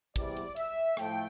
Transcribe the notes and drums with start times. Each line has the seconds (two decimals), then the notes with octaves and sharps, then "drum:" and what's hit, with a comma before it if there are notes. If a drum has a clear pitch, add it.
0.16 E2 C3 G3 D5, drum: kick, hi-hat
0.37 drum: hi-hat
0.56 E5, drum: hi-hat
0.97 A2 F3 A3 G5, drum: rim click